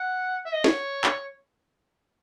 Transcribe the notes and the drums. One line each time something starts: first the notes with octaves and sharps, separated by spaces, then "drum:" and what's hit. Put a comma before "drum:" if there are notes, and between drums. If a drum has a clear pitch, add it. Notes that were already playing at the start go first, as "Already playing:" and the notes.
Already playing: F#5
E5
D#5
C#5, drum: snare
drum: clap